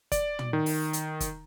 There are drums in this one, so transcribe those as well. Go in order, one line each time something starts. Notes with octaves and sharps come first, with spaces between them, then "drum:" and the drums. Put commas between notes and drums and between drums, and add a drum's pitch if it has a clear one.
D5, drum: kick, hi-hat
drum: tom
D#3
drum: open hi-hat
drum: hi-hat
drum: kick, hi-hat